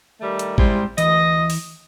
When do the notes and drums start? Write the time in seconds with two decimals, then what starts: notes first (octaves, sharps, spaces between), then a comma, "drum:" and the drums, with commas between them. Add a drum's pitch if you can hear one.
0.21 D#3 G3 A3
0.39 drum: hi-hat
0.58 G3 G#3 C4 E4 C5, drum: kick
0.98 D2 E3 D#5, drum: hi-hat
1.50 drum: open hi-hat